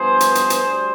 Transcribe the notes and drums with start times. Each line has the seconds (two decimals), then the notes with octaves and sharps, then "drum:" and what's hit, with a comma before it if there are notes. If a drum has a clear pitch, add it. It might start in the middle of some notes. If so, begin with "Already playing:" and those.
Already playing: G2 F3 B3 G#4 C5
0.21 drum: hi-hat
0.35 drum: hi-hat
0.50 drum: hi-hat
0.65 D2 G3